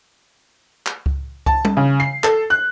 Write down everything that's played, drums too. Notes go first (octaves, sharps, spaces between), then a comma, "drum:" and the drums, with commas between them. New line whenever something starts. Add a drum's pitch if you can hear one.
drum: clap
drum: kick C#2
A5, drum: kick C#2
drum: tom G3
C#3
C7
A4, drum: clap
F#6